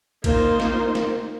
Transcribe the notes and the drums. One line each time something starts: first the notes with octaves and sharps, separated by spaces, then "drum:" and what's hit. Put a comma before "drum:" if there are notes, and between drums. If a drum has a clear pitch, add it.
A#3 D#4 F4 C5, drum: kick, cymbal
drum: snare
drum: snare